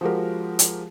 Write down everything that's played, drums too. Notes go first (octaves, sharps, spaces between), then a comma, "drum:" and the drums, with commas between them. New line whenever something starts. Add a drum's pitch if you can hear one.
F3 G#3 F#4 G4 A#4
drum: hi-hat